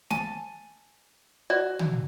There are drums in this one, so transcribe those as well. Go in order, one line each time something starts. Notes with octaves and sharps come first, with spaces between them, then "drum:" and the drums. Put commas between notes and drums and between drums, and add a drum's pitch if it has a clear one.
G#5 A5, drum: snare
F#4 D5
drum: tom